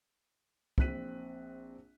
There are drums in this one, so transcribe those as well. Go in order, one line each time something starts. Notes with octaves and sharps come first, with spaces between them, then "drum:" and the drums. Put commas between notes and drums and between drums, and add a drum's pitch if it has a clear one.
A#1 C4 F#6 B6 D#7, drum: kick